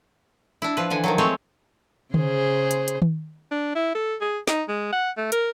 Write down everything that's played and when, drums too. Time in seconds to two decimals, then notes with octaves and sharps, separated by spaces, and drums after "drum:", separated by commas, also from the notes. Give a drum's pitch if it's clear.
0.62 D4 E4
0.77 F3 B4
0.90 D3 E3 G#5
1.04 D#3 F3 F#3
1.18 G#3 A3 C4 C#5
2.14 C#3 G#4 C5, drum: tom D3
2.71 drum: hi-hat
2.88 drum: hi-hat
3.02 drum: tom D#3
3.51 D4
3.75 E4
3.95 A4
4.21 G#4
4.48 D#4, drum: snare
4.68 G#3
4.92 F#5
5.17 A3
5.32 A#4, drum: hi-hat